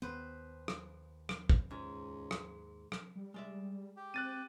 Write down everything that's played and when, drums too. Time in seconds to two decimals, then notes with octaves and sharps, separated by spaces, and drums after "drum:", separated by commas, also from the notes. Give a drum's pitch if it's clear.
0.02 D#2 B3 B4 C5
0.68 drum: rim click
1.29 drum: rim click
1.50 drum: kick
1.71 C#2 G#2
2.31 drum: rim click
2.92 drum: rim click
3.15 G3
3.34 G#3 D5 E5
3.97 G4
4.14 C4 F#6 A6 D#7